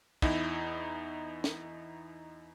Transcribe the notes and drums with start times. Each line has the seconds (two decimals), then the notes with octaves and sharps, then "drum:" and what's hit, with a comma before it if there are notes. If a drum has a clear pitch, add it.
0.22 E2 D#4 E4, drum: kick
1.44 drum: snare